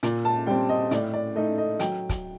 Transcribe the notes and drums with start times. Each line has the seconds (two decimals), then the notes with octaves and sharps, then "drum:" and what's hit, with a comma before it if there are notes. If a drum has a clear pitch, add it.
0.03 A#2, drum: hi-hat
0.25 A5
0.47 G3 C4 G5
0.69 D#5
0.91 A2 D5, drum: hi-hat
1.14 D5
1.36 A3 D#4 D#5
1.58 D#5
1.80 F#3 G5, drum: hi-hat
2.09 drum: kick, hi-hat